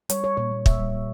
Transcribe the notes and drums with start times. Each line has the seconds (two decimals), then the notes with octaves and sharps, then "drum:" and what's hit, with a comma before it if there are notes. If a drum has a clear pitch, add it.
0.10 G3 C#5, drum: hi-hat
0.23 G3 C#5
0.37 A#2 C#5
0.51 A#3
0.66 A#2 E5, drum: kick
0.80 G3
0.94 A#3